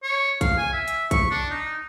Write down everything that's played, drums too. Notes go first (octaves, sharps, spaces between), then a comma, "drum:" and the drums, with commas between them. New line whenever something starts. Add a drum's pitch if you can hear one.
C#5
F5, drum: kick A#1, hi-hat
G#5
E5
drum: hi-hat
C#6, drum: kick A#1, hi-hat
D4
D#4